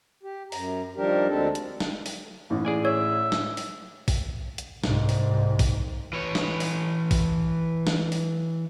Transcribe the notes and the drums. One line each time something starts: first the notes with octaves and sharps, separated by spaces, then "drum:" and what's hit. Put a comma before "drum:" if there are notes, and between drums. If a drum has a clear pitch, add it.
G4
F#2 A#5, drum: open hi-hat
D#3 F3 G3 D4 G4 A#4
D2 G#3 C4 D4 G4 A4
drum: hi-hat
drum: snare
drum: open hi-hat
A1 A2
G#4 D5 G#5
C#5 E5
drum: snare
drum: open hi-hat
drum: kick, open hi-hat
drum: hi-hat
C2 G#2, drum: snare
drum: open hi-hat
drum: kick, open hi-hat
E3 C#5
drum: snare
drum: open hi-hat
drum: kick, open hi-hat
drum: snare
drum: open hi-hat